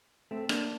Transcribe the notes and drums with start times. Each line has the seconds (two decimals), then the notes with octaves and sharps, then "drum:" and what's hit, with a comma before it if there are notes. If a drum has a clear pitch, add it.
0.31 A3 C4
0.49 A#3 D4, drum: rim click